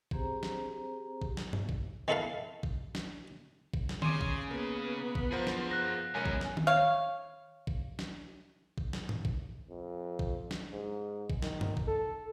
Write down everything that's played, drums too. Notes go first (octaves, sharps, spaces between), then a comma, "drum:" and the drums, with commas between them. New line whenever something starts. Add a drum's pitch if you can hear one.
C4 G4 G#4 C5 A#5, drum: kick A1
drum: snare
drum: kick A1
drum: snare
drum: tom G2
drum: kick A1
D#3 D#4 E4 A4 B4 F5
drum: kick A1
drum: snare
drum: kick A1
drum: snare
C#3 G#5 C6 D6, drum: tom D#3
drum: kick A1
A#3 B3 G#4
drum: kick A1
F3 G#4 A#4 C5 F#5
drum: snare
F#6 A#6
B1 G#2 C#4 A#4 G#5 D#7
drum: kick A1
drum: snare
drum: tom D#3
C#5 F5
drum: kick A1
drum: snare
drum: kick A1
drum: snare
drum: tom G#2
drum: kick A1
F2
drum: kick A1
drum: snare
G#2
drum: kick A1
D#3, drum: snare
drum: tom G2
drum: kick A1
A4